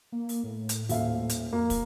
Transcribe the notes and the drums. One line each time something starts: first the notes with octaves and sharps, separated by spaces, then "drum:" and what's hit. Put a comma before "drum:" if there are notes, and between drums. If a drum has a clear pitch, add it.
A#3
drum: open hi-hat
A2
drum: hi-hat
D#1 E5 F5, drum: open hi-hat
drum: hi-hat
F2 A#3
drum: kick, open hi-hat